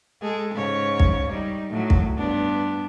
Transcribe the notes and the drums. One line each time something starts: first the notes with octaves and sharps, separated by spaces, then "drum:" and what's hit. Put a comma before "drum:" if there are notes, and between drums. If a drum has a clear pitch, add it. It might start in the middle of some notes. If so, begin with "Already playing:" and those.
G#3 G#4 A4
G#2 C#3 C#5
drum: kick
G3 D#4
A2 F#3
drum: kick
G2 B3 D4